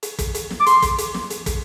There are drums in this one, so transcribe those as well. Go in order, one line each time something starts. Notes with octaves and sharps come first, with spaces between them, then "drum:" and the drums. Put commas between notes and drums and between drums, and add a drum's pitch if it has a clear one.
drum: hi-hat
drum: kick, hi-hat
drum: hi-hat
drum: snare
D6
C6, drum: hi-hat
drum: kick, hi-hat
drum: hi-hat
drum: snare
drum: hi-hat
drum: kick, hi-hat